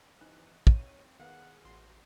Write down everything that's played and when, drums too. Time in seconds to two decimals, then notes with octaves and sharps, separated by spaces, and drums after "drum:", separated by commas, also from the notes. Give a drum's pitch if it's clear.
0.21 C3 E3 D#4 F#6
0.67 C4 C#5 D#7, drum: kick
1.20 D#3 B3 G#4 F5 F#5
1.65 A1 F#4 C6 C7